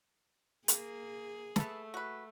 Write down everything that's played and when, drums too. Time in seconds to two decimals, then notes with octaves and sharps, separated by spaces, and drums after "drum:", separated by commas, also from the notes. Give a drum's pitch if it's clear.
0.68 A#3 G#4, drum: hi-hat
1.56 A3 B3 A4, drum: snare
1.94 F#4 B4